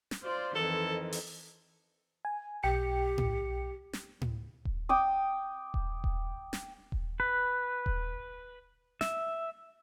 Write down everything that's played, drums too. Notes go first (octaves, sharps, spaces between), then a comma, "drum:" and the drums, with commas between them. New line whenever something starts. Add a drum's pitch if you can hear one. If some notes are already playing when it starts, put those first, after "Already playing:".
drum: snare
F4 C5 D5
F2 D#3 E3 A4
drum: open hi-hat
G#5
B1 G4 G5 C#7
drum: tom A2
drum: snare
drum: tom A2
drum: kick D#1
G5 D6 D#6
drum: kick D#1
drum: kick D#1
drum: snare
drum: kick D#1
B4
drum: kick D#1
E5, drum: snare